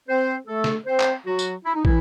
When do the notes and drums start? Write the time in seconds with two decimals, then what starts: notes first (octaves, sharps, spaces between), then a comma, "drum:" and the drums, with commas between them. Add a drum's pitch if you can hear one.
0.08 C4 C5
0.47 A3 A4
0.64 drum: snare
0.86 C4 C5
1.00 drum: clap
1.26 F#3 F#4
1.39 drum: tambourine
1.65 E4
1.75 D#4
1.85 E3 E4, drum: kick